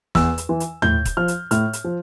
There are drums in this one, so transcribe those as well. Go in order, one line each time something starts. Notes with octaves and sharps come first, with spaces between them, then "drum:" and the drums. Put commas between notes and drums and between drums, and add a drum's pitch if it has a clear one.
E2 E6, drum: snare
drum: hi-hat
E3
drum: hi-hat
A2 G6, drum: tom
drum: kick, hi-hat
F3 F6
drum: hi-hat
A2 F6, drum: hi-hat
drum: hi-hat
F3